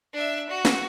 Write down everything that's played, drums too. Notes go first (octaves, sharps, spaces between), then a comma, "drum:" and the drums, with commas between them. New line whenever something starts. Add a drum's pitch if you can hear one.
D4 E5
F#4
drum: snare